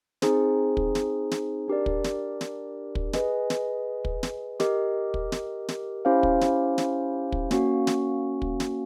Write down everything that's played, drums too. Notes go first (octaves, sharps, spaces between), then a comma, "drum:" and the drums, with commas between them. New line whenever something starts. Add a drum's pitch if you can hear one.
C4 D#4 G#4 C5, drum: snare
drum: kick
drum: snare
drum: snare
D4 G4 A#4 D5
drum: kick
drum: snare
drum: snare
drum: kick
G#4 B4 D#5 G#5, drum: snare
drum: snare
drum: kick
drum: snare
G4 A#4 D#5, drum: snare
drum: kick
drum: snare
drum: snare
C#4 E4 G4 C5 F5
drum: kick
drum: snare
drum: snare
drum: kick
A#3 C#4 F#4, drum: snare
drum: snare
drum: kick
drum: snare